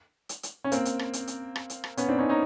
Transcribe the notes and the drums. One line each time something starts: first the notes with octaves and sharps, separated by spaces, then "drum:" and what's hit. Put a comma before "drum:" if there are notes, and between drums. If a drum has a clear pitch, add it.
drum: hi-hat
drum: hi-hat
C#4
A#3 C4, drum: hi-hat
drum: hi-hat
drum: rim click
drum: hi-hat
drum: hi-hat
drum: rim click
drum: hi-hat
drum: rim click
B3 C#4, drum: hi-hat
C4 D4
C#4 D#4
C#4 D#4